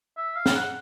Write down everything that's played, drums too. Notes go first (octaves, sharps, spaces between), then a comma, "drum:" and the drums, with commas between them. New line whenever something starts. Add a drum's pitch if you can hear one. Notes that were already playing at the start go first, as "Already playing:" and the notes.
E5
F5
drum: snare
F#5